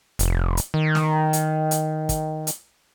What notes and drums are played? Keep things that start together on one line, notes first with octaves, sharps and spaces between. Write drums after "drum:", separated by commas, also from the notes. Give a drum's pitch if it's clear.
F1, drum: hi-hat
drum: hi-hat
D#3
drum: snare
drum: hi-hat
drum: hi-hat
drum: kick, hi-hat
drum: hi-hat